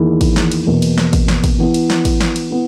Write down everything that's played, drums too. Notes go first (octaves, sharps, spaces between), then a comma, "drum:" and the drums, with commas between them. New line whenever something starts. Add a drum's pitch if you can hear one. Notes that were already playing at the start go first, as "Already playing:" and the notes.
Already playing: E2 D#3 A#3 E4 G#4
drum: kick, cymbal
drum: snare
drum: cymbal
E2 B2 A#3
drum: cymbal
drum: snare
drum: kick, cymbal
drum: snare
drum: kick, cymbal
E3 B3 E4
drum: cymbal
drum: snare
drum: kick, cymbal
drum: snare
drum: cymbal
B3 E4